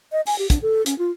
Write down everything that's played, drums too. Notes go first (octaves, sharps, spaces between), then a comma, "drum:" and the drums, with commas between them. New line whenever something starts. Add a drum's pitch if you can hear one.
D#5
G#5, drum: open hi-hat
G4
D4, drum: kick, hi-hat
A4
C#4, drum: hi-hat
F4